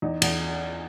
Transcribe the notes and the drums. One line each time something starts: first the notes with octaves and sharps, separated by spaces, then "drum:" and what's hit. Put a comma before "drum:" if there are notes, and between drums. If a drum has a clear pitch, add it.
E2 D#4
E2, drum: cymbal